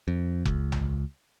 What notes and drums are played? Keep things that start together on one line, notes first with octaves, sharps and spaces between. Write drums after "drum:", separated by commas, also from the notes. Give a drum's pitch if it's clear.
F2
C#2, drum: kick F1
drum: tom A#1